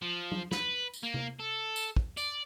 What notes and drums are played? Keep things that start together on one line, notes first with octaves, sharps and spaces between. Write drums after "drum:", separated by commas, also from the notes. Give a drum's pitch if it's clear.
F3
drum: tom F#3
B4, drum: snare
drum: tambourine
A#3
drum: tom C3
A4
drum: tambourine
drum: kick
D5, drum: tambourine